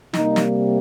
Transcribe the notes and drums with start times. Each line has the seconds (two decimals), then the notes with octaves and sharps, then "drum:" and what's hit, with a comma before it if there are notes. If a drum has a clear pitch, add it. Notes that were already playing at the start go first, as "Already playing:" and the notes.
0.14 C3 G3 A#3 D#4, drum: snare
0.36 drum: snare